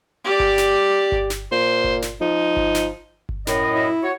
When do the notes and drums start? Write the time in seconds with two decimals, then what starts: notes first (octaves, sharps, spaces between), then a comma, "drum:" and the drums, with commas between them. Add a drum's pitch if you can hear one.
0.25 G4 D5
0.40 drum: kick G1
0.58 drum: snare
1.12 drum: kick G1
1.30 drum: snare
1.52 A#2 C5
1.84 drum: kick G1
2.02 drum: snare
2.21 F3 D#4
2.57 drum: kick G1
2.75 drum: snare
3.29 drum: kick G1
3.47 F#2 A2 D#5, drum: snare
3.75 E4
4.03 F#4 C#5